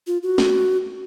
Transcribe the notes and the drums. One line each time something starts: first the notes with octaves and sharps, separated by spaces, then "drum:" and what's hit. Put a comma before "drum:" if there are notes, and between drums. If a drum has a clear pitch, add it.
F4
F#4
drum: snare